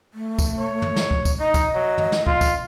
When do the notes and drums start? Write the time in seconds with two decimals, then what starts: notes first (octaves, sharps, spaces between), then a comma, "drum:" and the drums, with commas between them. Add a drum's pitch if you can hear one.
0.14 A3
0.39 drum: kick, tambourine
0.59 C#5
0.82 drum: tom
0.96 drum: snare
1.11 drum: kick
1.25 drum: kick, tambourine
1.40 D#4 D#5
1.54 drum: kick, tambourine
1.75 F#3
1.98 drum: tom
2.12 drum: snare
2.27 F4, drum: kick
2.41 drum: kick, tambourine